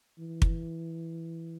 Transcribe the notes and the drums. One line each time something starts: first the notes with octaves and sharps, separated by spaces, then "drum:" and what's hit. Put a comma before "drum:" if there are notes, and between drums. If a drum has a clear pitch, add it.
E3
drum: kick